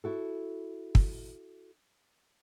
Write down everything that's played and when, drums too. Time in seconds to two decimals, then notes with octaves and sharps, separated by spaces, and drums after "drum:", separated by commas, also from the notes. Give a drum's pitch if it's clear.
0.04 E4 F#4 A4
0.95 drum: kick